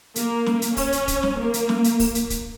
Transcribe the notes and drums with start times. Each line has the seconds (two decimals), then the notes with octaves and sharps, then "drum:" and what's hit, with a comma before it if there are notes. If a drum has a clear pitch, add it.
0.16 A#3, drum: hi-hat
0.46 drum: snare
0.62 drum: hi-hat
0.77 C#4, drum: kick, open hi-hat
0.92 drum: hi-hat
1.08 drum: kick, hi-hat
1.23 drum: snare
1.38 A#3
1.54 drum: hi-hat
1.69 drum: snare
1.84 drum: hi-hat
1.99 drum: kick, open hi-hat
2.15 drum: hi-hat
2.30 drum: kick, hi-hat